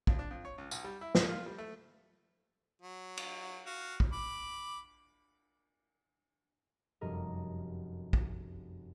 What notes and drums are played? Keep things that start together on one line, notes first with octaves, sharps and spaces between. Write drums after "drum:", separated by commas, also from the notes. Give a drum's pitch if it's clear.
F2, drum: kick
D4
F2
C#5
C#2
B1, drum: tambourine
G3
E4
D#4, drum: snare
F4
G3
A3
F#3
drum: cymbal
F#4 F5
drum: kick
B5 D6
F1 F#2 G3 A#4 D#5
drum: kick